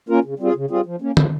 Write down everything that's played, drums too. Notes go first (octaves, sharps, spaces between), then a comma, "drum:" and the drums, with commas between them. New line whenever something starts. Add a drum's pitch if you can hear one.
A#3 C#4 F4 A#4
C#3
G3 C4 F4 G#4
C#3
G3 C4 F4 G#4
F3
A#3 C#4
F3, drum: tom